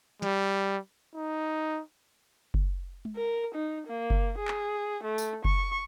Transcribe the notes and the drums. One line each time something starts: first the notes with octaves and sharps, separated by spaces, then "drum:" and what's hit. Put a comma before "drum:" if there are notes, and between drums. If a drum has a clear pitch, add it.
G3, drum: snare
D#4
drum: kick F#1
drum: tom G#3
A#4
D#4
A#3
drum: kick F#1
G#4
drum: clap
A3
drum: tambourine
C#6, drum: kick F#1